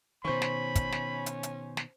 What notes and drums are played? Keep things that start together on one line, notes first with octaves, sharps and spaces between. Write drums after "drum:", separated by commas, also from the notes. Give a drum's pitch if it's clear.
B2 D#3 C#4 C5 B5 C#6
drum: snare
drum: kick, hi-hat
drum: snare
drum: hi-hat
drum: hi-hat
drum: snare